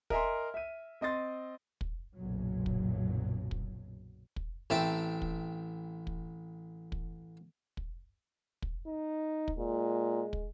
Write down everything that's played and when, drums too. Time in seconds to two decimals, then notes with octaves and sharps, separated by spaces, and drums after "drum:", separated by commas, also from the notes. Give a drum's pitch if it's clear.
0.10 A#4 D#5 E5 G#5 A#5 C6, drum: kick
0.54 E5 D#7
1.01 C4 D#5 C6 A6
1.81 drum: kick
2.16 F#1 B1 F#2 A#2 F#3
2.66 drum: kick
3.51 drum: kick
4.36 drum: kick
4.70 A1 C4 E5 G5 A5
5.22 drum: kick
6.07 drum: kick
6.92 drum: kick
7.77 drum: kick
8.62 drum: kick
8.86 D#4
9.48 drum: kick
9.58 A#2 G#3
10.33 drum: kick